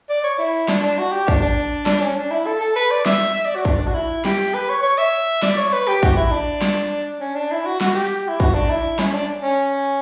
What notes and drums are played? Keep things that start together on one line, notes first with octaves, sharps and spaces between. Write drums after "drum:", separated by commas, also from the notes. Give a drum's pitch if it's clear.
D5
C#5
E4
D4, drum: snare
D4
F#4
G4
D4, drum: kick
D4
D4, drum: snare
C#4
D4
E4
A4
A4
B4
D5
E5, drum: snare
E5
D5
F#4
D4, drum: kick
F#4
E4
G4, drum: snare
B4
C#5
C#5
E5
D5, drum: snare
C#5
B4
G4
F#4, drum: kick
E4
D4
drum: snare
C#4
D4
E4
F#4
F#4, drum: snare
G4
E4
F#4, drum: kick
D4
E4
C#4, drum: snare
D4
C#4